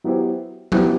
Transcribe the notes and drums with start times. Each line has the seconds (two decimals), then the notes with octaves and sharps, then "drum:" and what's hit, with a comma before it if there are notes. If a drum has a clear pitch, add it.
0.04 F#3 B3 E4 G4 C5
0.72 F#3 B3 E4 G4 C5, drum: tom F3